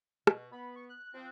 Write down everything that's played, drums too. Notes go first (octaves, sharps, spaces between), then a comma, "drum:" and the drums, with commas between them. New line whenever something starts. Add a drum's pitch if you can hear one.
B2, drum: rim click
B3 B5
C#6
F#6
F3 C4